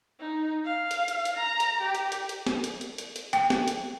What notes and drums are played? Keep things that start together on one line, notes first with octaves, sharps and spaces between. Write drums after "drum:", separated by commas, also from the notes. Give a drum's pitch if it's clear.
D#4
F5
drum: hi-hat
drum: hi-hat
drum: hi-hat
A#5
drum: hi-hat
G4
drum: hi-hat
drum: hi-hat
drum: hi-hat
drum: snare
drum: hi-hat
drum: hi-hat
drum: hi-hat
drum: hi-hat
G5, drum: hi-hat
drum: snare
drum: hi-hat